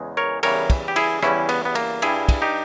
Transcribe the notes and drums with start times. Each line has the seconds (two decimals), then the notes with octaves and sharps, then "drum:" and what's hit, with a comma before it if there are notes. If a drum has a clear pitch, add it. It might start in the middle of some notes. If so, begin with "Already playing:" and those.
Already playing: E2 C#3 G#3
0.17 A#4 C#5
0.43 E2 C#3 E3 G3 A#4 C#5, drum: cymbal
0.70 drum: kick, cymbal
0.88 G4
0.96 E4 G#4, drum: cymbal
1.23 E2 C#3 E3 G3 C#4 E4, drum: rim click
1.49 B3, drum: cymbal
1.65 B3
1.75 A#3, drum: cymbal
2.02 G2 G3 E4 G#4, drum: cymbal
2.29 drum: kick, cymbal
2.42 D#4 G4